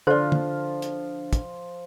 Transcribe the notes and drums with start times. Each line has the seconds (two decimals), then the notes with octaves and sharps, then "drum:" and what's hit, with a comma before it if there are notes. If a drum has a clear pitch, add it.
0.07 D3 F3 F4 C5 D5
0.32 drum: tom
0.82 drum: hi-hat
1.33 drum: kick, hi-hat